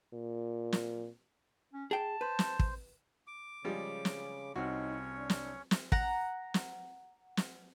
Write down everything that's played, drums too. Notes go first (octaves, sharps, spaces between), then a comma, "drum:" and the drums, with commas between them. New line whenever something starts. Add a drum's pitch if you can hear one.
A#2
drum: snare
C#4
G#4 G5 A5
B4 C5
drum: snare
drum: kick
D6
C#3 F3 G3 G#3
drum: snare
C2 C4 C#4 D#4 F#4 C#5 F6
D4
drum: snare
drum: snare
F#5 A#5, drum: kick
drum: snare
drum: snare